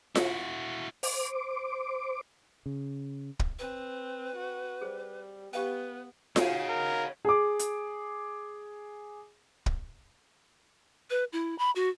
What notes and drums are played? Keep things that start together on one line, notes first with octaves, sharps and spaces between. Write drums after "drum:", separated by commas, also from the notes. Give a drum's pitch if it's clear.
E4 F#4, drum: snare F4
C5 D6, drum: open hi-hat
C#3
drum: kick
C4 B4
F#4
G3 G#4 C5
B3 G4 B4 F5 G5
D#4 F#4 G#4 C#5 F5, drum: snare F4
A#4
G#4 D6
drum: hi-hat
drum: kick
B4
E4
B5
F#4